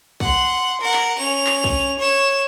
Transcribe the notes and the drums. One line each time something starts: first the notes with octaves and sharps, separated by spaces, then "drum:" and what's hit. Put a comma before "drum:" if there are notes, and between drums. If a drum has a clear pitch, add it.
F#5 C6, drum: kick B1
A#4 F#5
drum: clap
C#4 F7
drum: clap
drum: kick B1
C#5 E7